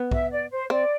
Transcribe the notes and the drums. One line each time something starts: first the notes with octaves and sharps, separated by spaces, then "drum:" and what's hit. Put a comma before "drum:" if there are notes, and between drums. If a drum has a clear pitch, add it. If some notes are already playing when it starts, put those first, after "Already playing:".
Already playing: B3
E5, drum: kick
D5
C5
C4 D5